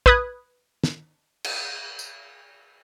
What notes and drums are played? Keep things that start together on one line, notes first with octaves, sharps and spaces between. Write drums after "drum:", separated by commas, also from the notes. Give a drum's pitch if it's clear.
B4 B5 D#6 F#6 G#6, drum: kick
drum: snare
drum: cymbal
drum: tambourine